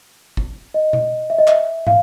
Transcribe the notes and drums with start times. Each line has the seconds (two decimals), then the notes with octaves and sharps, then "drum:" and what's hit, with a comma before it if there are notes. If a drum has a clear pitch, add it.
0.37 drum: kick
0.74 D#5
0.93 drum: tom B2
1.30 E5
1.38 D#5
1.47 E5, drum: clap
1.87 F5, drum: tom